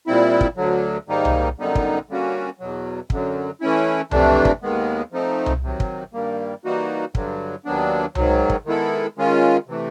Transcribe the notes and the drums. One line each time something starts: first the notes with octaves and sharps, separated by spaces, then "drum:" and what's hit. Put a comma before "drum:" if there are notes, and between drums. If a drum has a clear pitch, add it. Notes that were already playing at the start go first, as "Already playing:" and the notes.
A#2 G3 C4 E4
drum: kick
D2 D3 F#3
G#2 D#3 G3 A#3 D#4
drum: tom C2
F#2 D3 G3 B3 D#4
drum: kick
D3 G3 A#3 C#4 F#4
E2 B2 F#3
F#2 D3 F#3, drum: kick
E3 A3 C#4 E4
F2 C3 E3 A3 D4, drum: tom C2
drum: kick
D#2 D#3 G#3 B3
F3 A3 C4 D#4
drum: tom C2
C3 D#3 F#3
drum: kick
G2 D#3 G3 A#3
E3 G3 A#3 D#4 F#4
G2 D3 F#3, drum: kick
D#2 D#3 F#3 B3 D4
G#2 D#3 F#3, drum: tom C2
drum: kick
D#3 G#3 B3 E4 A4
D#3 G#3 C#4 F4
C3 E3 A3